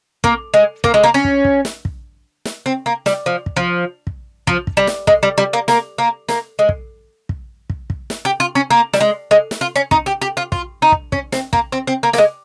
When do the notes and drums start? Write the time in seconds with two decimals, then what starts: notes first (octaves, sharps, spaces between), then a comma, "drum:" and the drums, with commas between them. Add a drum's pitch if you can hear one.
0.24 A#3, drum: kick
0.54 G#3
0.84 A#3, drum: kick
0.94 G#3
1.04 A#3
1.14 C#4
1.24 drum: kick
1.45 drum: kick
1.65 drum: snare
1.85 drum: kick
2.45 drum: snare
2.66 C4
2.86 A#3
3.06 G3, drum: snare
3.26 F3
3.46 drum: kick
3.56 F3
4.07 drum: kick
4.47 F3, drum: kick
4.67 drum: kick
4.77 G3
4.87 drum: snare
5.07 G#3, drum: kick
5.23 G3
5.38 G3
5.53 A#3
5.68 A#3, drum: snare
5.98 A#3
6.29 A#3, drum: snare
6.59 G#3
6.69 drum: kick
7.29 drum: kick
7.70 drum: kick
7.90 drum: kick
8.10 drum: snare
8.25 G4
8.40 F4
8.55 C#4
8.71 A#3
8.93 G3, drum: snare
9.01 G#3
9.31 G#3
9.51 drum: snare
9.61 F4
9.76 C#4
9.91 D#4, drum: kick
10.06 G4
10.21 G4
10.37 F4
10.52 F4, drum: kick
10.82 D#4
10.92 drum: kick
11.12 C#4, drum: kick
11.32 C4, drum: snare
11.53 A#3, drum: kick
11.72 C4
11.87 C4
12.03 A#3
12.13 A#3, drum: snare
12.18 G#3